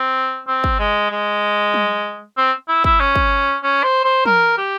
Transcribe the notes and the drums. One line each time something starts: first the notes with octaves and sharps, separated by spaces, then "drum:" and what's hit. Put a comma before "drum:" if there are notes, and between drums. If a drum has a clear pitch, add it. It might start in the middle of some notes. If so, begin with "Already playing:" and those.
Already playing: C4
C4
drum: kick
G#3
G#3
drum: tom
C4
E4
E4, drum: kick
C#4
drum: kick
C#4
C5
C5
A#4, drum: tom
G4